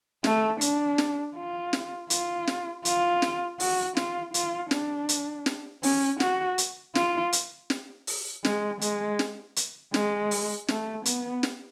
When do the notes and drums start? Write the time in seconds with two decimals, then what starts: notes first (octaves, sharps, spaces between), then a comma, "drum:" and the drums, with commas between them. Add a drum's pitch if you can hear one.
0.24 A3, drum: snare
0.61 D4, drum: hi-hat
0.98 drum: snare
1.36 F4
1.73 drum: snare
2.10 F4, drum: hi-hat
2.47 drum: snare
2.85 F4, drum: hi-hat
3.22 drum: snare
3.60 F#4, drum: open hi-hat
3.97 F4, drum: snare
4.34 F4, drum: hi-hat
4.71 D4, drum: snare
5.09 drum: hi-hat
5.46 drum: snare
5.83 C#4, drum: open hi-hat
6.20 F#4, drum: snare
6.58 drum: hi-hat
6.95 F4, drum: snare
7.33 drum: hi-hat
7.70 drum: snare
8.07 drum: open hi-hat
8.45 G#3, drum: snare
8.81 G#3, drum: hi-hat
9.19 drum: snare
9.56 drum: hi-hat
9.94 G#3, drum: snare
10.31 drum: open hi-hat
10.68 A3, drum: snare
11.05 B3, drum: hi-hat
11.43 drum: snare